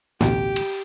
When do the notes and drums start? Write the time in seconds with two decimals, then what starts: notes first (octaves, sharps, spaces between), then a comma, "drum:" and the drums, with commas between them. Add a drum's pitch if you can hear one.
0.21 A1 D2 B2 G4, drum: snare
0.56 drum: cymbal